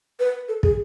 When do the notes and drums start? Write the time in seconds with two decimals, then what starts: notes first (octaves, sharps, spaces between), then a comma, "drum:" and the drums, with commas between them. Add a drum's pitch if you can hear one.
0.20 B4
0.48 A4
0.63 G#4, drum: kick